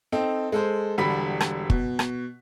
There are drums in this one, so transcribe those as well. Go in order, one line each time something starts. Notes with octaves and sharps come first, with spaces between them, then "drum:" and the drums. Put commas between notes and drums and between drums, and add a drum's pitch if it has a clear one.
C4 D#4 A4
G#3 A4 C5
E1 D3 G3 B5 B6
drum: rim click
B2, drum: kick
drum: rim click